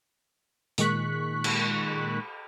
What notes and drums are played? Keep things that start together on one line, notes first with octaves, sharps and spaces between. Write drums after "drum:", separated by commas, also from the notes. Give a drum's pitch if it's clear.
A#2 D#3 G#3 C#6 F#6 B6, drum: hi-hat
drum: cymbal